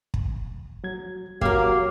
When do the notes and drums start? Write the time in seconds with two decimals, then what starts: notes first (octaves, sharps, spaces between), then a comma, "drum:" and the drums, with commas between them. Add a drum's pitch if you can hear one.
0.14 drum: kick
0.84 F#3 G#6
1.41 F#3 A#3 G4 A#4 F5, drum: kick